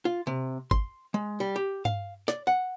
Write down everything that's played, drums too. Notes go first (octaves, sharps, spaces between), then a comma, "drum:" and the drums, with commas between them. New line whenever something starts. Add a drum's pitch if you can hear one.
F4
C3
C6, drum: kick
G#3
G3
G4
F5, drum: tom G2
D5, drum: snare
F#5